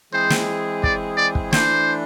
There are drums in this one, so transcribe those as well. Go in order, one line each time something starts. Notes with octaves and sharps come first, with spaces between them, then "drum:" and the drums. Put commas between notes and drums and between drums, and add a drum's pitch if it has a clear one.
E3 G#3 C4 G#4 C5
drum: snare
D5, drum: kick
D5
drum: kick
E3 A3 D4 C5, drum: snare